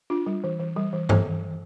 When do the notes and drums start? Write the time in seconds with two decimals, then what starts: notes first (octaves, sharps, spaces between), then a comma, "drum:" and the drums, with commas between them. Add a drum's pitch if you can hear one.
0.10 D4 F4
0.26 G3
0.44 E3
0.60 E3
0.76 G3
0.93 E3
1.09 E3 A4, drum: tom G2